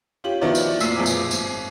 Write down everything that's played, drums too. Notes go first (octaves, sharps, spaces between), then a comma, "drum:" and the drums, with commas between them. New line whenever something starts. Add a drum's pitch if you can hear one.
C#4 F4 G4 F#7
D#3 F3 B3 E4 F#4 D5
drum: tambourine
F#1 A#2 E6 B6 C7, drum: tambourine
F#2 B2 F3 G#4 D6
drum: tambourine
G#1, drum: tambourine